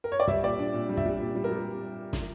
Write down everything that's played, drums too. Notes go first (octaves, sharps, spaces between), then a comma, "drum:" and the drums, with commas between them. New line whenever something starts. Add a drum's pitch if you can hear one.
A#4
C#5
D5
G3 E5, drum: kick
A#2 D5
D4
A#2
G3
E5, drum: kick
G3
A#2
G3
A#4
G3
drum: snare